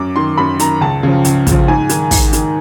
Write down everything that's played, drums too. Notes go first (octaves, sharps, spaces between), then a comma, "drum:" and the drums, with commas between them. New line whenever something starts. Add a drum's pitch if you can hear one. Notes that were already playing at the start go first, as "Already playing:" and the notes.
Already playing: F#2 D6
D#3 C6
F#2 B5
D#3 A#5, drum: hi-hat
C#2 A5
C#3 F3
C#2, drum: hi-hat
C#3 F3, drum: kick, hi-hat
G#2 G#5
D#3, drum: hi-hat
G#2, drum: kick, open hi-hat
D#3, drum: hi-hat